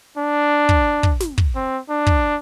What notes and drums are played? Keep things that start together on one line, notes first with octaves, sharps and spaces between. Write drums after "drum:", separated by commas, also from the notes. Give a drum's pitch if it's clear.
D4
drum: kick
drum: kick
drum: snare
drum: kick
C4
D4
drum: kick